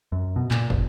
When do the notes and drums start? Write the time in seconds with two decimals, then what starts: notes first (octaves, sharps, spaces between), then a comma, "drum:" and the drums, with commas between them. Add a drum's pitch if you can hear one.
0.12 F#2
0.36 B2
0.51 A#2, drum: clap
0.70 F#1, drum: kick